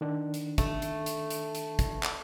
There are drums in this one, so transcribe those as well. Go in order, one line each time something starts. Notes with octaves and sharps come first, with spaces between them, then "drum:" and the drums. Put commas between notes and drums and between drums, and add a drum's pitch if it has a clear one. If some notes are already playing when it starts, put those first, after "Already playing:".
D#3 D4
drum: hi-hat
A3, drum: kick, hi-hat
drum: hi-hat
drum: hi-hat
drum: hi-hat
drum: hi-hat
drum: kick, hi-hat
drum: clap